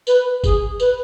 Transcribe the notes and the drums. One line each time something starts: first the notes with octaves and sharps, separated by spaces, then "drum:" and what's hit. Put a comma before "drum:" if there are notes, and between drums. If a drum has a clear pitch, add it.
B4, drum: tambourine
G#4, drum: kick F#1, tambourine
B4, drum: tambourine